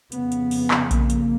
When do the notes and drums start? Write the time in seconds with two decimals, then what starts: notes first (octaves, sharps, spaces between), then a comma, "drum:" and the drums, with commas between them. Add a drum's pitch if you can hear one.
0.12 F2 C#3 B3, drum: hi-hat
0.32 drum: hi-hat
0.51 drum: open hi-hat
0.71 drum: clap
0.91 A#3, drum: kick A#1, hi-hat
1.10 drum: hi-hat